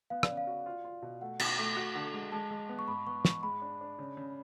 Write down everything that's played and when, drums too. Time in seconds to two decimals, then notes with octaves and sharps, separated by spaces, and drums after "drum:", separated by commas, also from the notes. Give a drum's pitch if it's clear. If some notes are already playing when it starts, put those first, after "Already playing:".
0.10 B3 F5
0.23 D5, drum: rim click
0.29 C#3
0.37 F5
0.47 F#4
0.66 F4
0.84 F4
1.02 B2
1.21 A3 F#5
1.39 B2, drum: cymbal
1.58 A3
1.77 F#4
1.95 D3
2.14 G#3
2.32 G#3 A5
2.51 G#3
2.69 B3
2.79 C#6
2.88 G#2 B5
3.07 B3 C#6
3.25 G#2 C#6, drum: snare
3.43 G#3 B5
3.62 D4
3.81 D4
3.99 C#3
4.17 C#3